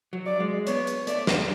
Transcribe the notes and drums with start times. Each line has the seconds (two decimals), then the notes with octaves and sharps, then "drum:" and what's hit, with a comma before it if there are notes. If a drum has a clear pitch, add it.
0.13 F#3
0.26 D5
0.40 G#3
0.67 B3 C#5, drum: hi-hat
0.87 drum: hi-hat
1.07 A3 D5, drum: hi-hat
1.27 drum: snare